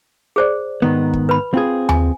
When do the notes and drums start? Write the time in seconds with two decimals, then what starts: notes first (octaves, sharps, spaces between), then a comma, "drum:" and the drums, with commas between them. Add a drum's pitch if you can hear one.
0.36 G#4 C5 D5
0.82 G#2 D#3 B3
1.14 drum: kick
1.29 B4 B5
1.54 C4 F4 G#4
1.89 G#5, drum: tom D#2